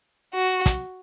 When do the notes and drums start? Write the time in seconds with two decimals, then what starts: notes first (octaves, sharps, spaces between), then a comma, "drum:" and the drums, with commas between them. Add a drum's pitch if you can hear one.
0.34 F#4
0.66 drum: kick, hi-hat